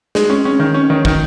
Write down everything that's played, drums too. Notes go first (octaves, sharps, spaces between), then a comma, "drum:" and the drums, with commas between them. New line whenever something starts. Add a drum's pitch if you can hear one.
G#3, drum: snare
C#4
C#4
D#3
C#4
D#3
D#3, drum: kick